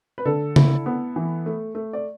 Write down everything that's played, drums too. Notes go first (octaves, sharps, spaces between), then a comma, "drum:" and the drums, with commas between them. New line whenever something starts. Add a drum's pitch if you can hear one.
B4
D3 A4
E4, drum: tom C#3
B3
E3
A3
A3
D5